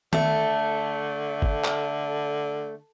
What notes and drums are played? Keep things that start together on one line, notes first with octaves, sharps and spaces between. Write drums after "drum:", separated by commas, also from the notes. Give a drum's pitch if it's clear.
D3 A3, drum: tom D#3
drum: kick G1
drum: clap